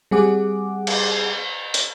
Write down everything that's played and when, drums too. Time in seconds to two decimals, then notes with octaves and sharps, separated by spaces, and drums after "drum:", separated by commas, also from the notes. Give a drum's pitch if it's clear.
0.11 G3 C4 G#4 F#5 D6
0.87 drum: cymbal
1.74 drum: hi-hat